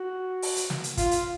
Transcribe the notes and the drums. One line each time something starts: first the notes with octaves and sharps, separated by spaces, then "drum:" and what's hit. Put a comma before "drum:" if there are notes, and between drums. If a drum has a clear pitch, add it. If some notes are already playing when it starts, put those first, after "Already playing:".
Already playing: F#4
drum: open hi-hat
drum: hi-hat
drum: snare
drum: hi-hat
F4, drum: kick, hi-hat
drum: hi-hat